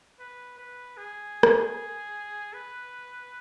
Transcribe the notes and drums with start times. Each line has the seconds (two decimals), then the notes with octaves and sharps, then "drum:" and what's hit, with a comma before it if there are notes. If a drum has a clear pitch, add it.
0.20 B4
0.59 B4
0.98 G#4
1.43 drum: rim click
2.54 B4